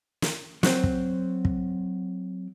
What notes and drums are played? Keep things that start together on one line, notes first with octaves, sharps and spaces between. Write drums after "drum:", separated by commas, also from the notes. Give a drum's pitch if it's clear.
drum: snare
F#3 C4, drum: snare
drum: kick
drum: kick